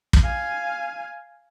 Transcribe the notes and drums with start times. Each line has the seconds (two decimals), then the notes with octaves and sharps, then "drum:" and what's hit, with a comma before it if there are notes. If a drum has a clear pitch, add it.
0.13 drum: kick
0.23 F5 G#5